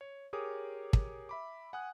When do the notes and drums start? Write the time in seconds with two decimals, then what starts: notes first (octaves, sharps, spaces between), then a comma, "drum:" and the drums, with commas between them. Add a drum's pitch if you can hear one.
0.01 C#5
0.33 G4 G#4 A#4 C#5 D6 D#6
0.93 drum: kick
1.29 E5 B5 D6
1.73 F#5 G#5 D#6 F#6